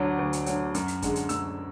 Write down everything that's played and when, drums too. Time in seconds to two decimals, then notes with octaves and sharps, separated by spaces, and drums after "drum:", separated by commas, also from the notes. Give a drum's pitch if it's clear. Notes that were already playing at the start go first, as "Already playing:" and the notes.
Already playing: D2 D3 F#3
0.18 D2
0.33 drum: hi-hat
0.46 D3 F#3, drum: hi-hat
0.74 F#2, drum: hi-hat
0.88 drum: hi-hat
1.02 D3 G#3, drum: kick, hi-hat
1.16 drum: hi-hat
1.29 F#2 E6, drum: hi-hat